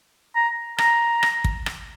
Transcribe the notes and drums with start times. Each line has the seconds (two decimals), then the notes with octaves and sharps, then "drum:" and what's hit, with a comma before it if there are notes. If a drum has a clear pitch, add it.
0.35 A#5
0.78 A#5, drum: rim click
1.23 drum: rim click
1.44 drum: kick
1.66 drum: rim click